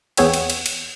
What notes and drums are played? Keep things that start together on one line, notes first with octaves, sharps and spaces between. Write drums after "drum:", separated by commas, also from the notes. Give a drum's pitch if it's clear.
E2 B3 G#4 C#5 E5 G5, drum: cymbal
drum: cymbal
drum: cymbal
drum: cymbal